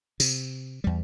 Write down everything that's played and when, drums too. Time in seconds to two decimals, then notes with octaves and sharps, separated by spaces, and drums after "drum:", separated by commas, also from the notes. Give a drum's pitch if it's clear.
0.20 C3, drum: tambourine
0.84 E2 G3